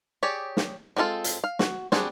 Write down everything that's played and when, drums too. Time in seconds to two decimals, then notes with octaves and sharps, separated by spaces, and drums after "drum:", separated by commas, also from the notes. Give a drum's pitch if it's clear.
0.23 G4 G#4 C#5 D5
0.57 drum: snare
0.97 G#3 C4 D4 F4 A4
1.24 drum: hi-hat
1.44 F5
1.59 F#4, drum: snare
1.92 G3 C4 D4 F#4 G#4, drum: snare